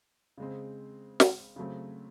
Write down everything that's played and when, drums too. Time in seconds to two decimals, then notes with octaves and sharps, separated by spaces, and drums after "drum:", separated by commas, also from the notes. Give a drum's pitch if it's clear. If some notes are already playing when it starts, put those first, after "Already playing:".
0.38 C#3 G#3 C4
1.20 drum: snare
1.56 C#3 F#3 A3 C4